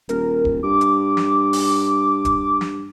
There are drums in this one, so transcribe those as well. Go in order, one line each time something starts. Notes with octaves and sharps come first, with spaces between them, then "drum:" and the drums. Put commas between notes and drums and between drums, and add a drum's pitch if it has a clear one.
D#1 A#4, drum: hi-hat
drum: kick
G2 D6
drum: hi-hat
drum: snare
drum: open hi-hat
drum: kick, hi-hat
drum: snare